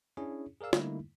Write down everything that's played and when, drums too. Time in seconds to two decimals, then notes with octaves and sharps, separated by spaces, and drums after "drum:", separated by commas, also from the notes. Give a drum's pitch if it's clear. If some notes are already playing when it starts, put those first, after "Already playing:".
0.17 C#4 D4 E4 G#4 C#5
0.61 G#4 A#4 D5 F5 E6
0.73 D3 G3 A3 A#3 D#4 E4, drum: snare